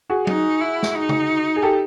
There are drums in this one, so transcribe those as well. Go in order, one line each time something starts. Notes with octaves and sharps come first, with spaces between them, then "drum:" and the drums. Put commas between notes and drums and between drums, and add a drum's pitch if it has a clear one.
F#4 G#4
D#4, drum: tom F#3
E4
drum: snare
D#4
drum: tom C#3
G#4
G4 A4